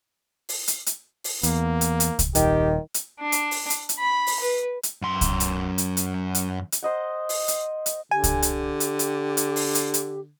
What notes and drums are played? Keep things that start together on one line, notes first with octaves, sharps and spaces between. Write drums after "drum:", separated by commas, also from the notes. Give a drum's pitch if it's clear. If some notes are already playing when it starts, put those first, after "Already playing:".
drum: open hi-hat
drum: hi-hat
drum: hi-hat
drum: open hi-hat
E2 A#3, drum: hi-hat
drum: hi-hat
drum: hi-hat
drum: kick C2, hi-hat
D#1 D#3 G4, drum: hi-hat
drum: hi-hat
D4
drum: hi-hat
drum: open hi-hat
drum: hi-hat
drum: hi-hat
B5
drum: open hi-hat
B4
drum: hi-hat
F#2 C6
drum: kick C2, hi-hat
drum: hi-hat
drum: hi-hat
drum: hi-hat
drum: hi-hat
drum: hi-hat
C5 D#5 F#5
drum: open hi-hat
drum: hi-hat
drum: hi-hat
D3 G4 G#5
drum: kick C2, hi-hat
drum: hi-hat
drum: hi-hat
drum: hi-hat
drum: hi-hat
drum: open hi-hat
drum: hi-hat
drum: hi-hat